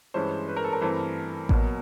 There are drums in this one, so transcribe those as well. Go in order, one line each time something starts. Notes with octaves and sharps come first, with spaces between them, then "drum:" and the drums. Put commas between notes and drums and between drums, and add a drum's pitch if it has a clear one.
G2 E3 G#3 C#4 C5
B4
A#4
A4
A#4
G2 E3 A3 C4
B2 F#3 A#3, drum: kick A1